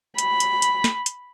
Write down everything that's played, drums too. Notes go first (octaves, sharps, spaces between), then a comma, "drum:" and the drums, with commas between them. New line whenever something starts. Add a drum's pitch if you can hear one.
B5, drum: hi-hat
drum: hi-hat
drum: hi-hat
drum: snare
drum: hi-hat